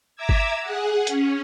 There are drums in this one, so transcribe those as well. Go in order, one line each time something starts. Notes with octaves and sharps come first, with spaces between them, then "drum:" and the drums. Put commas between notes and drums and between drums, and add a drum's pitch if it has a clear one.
E5 A#5 D6 E6 G#6
drum: kick G1
G#4 F#5
C#4, drum: hi-hat